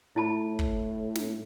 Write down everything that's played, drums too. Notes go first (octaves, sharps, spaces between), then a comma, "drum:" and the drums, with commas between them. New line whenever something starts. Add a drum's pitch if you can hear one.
A2 E4 A5 B5
drum: kick
drum: snare